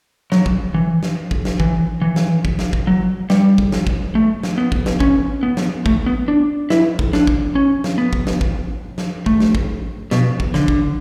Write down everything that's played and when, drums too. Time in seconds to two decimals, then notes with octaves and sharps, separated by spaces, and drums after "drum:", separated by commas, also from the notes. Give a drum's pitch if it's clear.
0.32 F#3, drum: snare
0.46 drum: kick
0.74 E3
1.03 drum: snare
1.31 drum: kick
1.45 drum: snare
1.60 E3, drum: kick
2.02 E3
2.16 drum: snare
2.45 drum: kick
2.59 drum: snare
2.73 drum: kick
2.87 F#3
3.30 G3, drum: snare
3.58 drum: kick
3.72 drum: snare
3.87 drum: kick
4.15 A3
4.43 drum: snare
4.58 B3
4.72 drum: kick
4.86 drum: snare
5.00 C#4, drum: kick
5.43 B3
5.57 drum: snare
5.86 A3, drum: kick
6.06 B3
6.28 D4
6.70 E4, drum: snare
6.99 drum: kick
7.13 D4, drum: snare
7.27 drum: kick
7.55 C#4
7.84 drum: snare
7.98 B3
8.13 drum: kick
8.27 drum: snare
8.41 drum: kick
8.98 drum: snare
9.26 A3, drum: kick
9.40 drum: snare
9.55 drum: kick
10.11 B2, drum: snare
10.40 drum: kick
10.54 D3, drum: snare
10.68 drum: kick